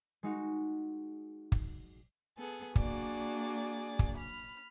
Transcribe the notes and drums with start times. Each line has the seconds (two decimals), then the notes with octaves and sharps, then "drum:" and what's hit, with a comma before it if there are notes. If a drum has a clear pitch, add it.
0.23 G#3 D#4 F#4
1.52 drum: kick
2.37 B3 G#4 A4
2.76 A#3 D4 F#4 G#4 D5, drum: kick
3.99 drum: kick
4.16 B5 F6